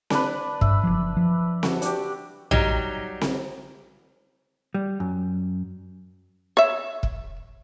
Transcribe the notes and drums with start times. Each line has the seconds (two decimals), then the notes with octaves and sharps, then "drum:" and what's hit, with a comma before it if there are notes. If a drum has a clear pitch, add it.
0.10 D4 B4, drum: snare C4
0.61 G2 E5, drum: kick
0.83 F#1 F3
1.17 F3
1.63 F#4, drum: snare C4
1.82 D4 G4, drum: hi-hat
2.51 F#3 G3 D#4, drum: tom A#1
3.21 drum: snare C4
4.74 G3
5.00 F#2
6.57 C#5 E5
7.03 drum: kick